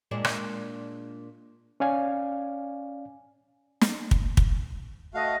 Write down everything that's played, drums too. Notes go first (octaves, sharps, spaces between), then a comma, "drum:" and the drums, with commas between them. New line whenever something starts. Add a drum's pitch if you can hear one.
A#2 G#3 D4
drum: rim click
C#4 D5 F5 G#5
drum: snare
drum: kick
drum: kick
A3 F#4 D#5 F5